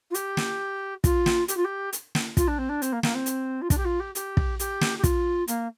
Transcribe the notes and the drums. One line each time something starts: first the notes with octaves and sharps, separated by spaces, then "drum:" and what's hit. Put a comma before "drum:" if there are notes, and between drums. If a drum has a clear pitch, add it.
F4
G4, drum: hi-hat
drum: snare
F4, drum: kick, hi-hat
drum: snare
G4, drum: hi-hat
F4
G4
drum: hi-hat
drum: snare
F4, drum: kick, hi-hat
D4
C4
D4
C4, drum: hi-hat
A#3
A#3, drum: snare
C4
drum: hi-hat
F4
D4, drum: kick, hi-hat
G4
F4
G4
G4, drum: hi-hat
drum: kick
G4, drum: hi-hat
drum: snare
G4
F4, drum: kick, hi-hat
A#3, drum: hi-hat